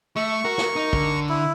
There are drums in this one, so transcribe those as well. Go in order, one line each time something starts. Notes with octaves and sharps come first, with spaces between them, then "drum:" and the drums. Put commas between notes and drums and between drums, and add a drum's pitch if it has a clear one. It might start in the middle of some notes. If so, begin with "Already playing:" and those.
A3 E5 C#6
F#4 A#4
drum: snare
D#4
D3, drum: kick
E4